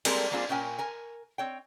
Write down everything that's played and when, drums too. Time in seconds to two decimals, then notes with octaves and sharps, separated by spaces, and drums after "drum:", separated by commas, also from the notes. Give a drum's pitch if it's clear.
0.05 G3 G#3 A#3 C4 A4 A#4, drum: cymbal
0.31 G3 A#3 C4 D4 F4 G#4
0.49 A#2 C#4 A#4 G5 G#5
0.78 A#4 G#5
1.38 C4 C#5 G5